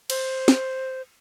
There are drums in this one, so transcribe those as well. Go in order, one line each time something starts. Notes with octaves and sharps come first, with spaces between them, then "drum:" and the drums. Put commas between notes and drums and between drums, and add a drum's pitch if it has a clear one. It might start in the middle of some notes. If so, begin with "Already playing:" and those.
C5, drum: cymbal
drum: snare